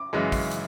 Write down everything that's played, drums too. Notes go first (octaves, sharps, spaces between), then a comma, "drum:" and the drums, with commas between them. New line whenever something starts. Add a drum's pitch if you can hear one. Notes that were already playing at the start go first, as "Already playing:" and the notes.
Already playing: D6
F#2 C#3 E3 G#3
drum: kick, open hi-hat
drum: hi-hat